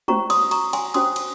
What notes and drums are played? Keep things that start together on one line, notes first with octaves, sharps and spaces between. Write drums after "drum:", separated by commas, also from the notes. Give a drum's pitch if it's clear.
C#4 F#4 C5 A#5 C#6, drum: tom G#3
C6 D#6, drum: cymbal
A#5 C#6, drum: cymbal
G#5 C6, drum: cymbal
C#4 F#4 C5 C6 D#6, drum: cymbal
drum: cymbal